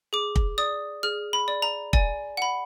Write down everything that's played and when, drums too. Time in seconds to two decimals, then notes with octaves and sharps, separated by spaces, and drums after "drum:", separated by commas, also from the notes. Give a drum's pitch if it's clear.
0.13 G#4 D6
0.36 drum: kick
0.58 D5 D#6
1.03 G#4 F6
1.33 B5
1.48 D5
1.62 A#5
1.93 D5 G#5, drum: kick
2.37 F#5 B5